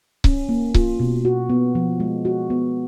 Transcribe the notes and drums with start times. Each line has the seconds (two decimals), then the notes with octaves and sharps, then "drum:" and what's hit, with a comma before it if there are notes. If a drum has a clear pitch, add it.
0.24 C#4, drum: kick C#1
0.49 A#3
0.74 F4, drum: kick C#1
1.00 B2
1.25 F#4
1.50 B3
1.75 F3
2.00 G#3
2.25 F#4
2.50 B3